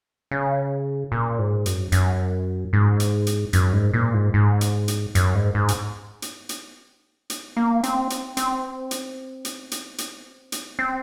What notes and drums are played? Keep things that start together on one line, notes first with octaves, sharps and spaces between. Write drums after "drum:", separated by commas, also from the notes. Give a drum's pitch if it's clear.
C#3
A#2
G#2
F#2, drum: hi-hat
F#2, drum: hi-hat
G#2
drum: hi-hat
drum: hi-hat
F#2, drum: hi-hat
G#2
A#2
G#2
G#2
drum: hi-hat
drum: hi-hat
F#2, drum: hi-hat
G#2
G#2
drum: hi-hat
drum: hi-hat
drum: hi-hat
drum: hi-hat
A#3
C4, drum: hi-hat
drum: hi-hat
C4, drum: hi-hat
drum: hi-hat
drum: hi-hat
drum: hi-hat
drum: hi-hat
drum: hi-hat
C4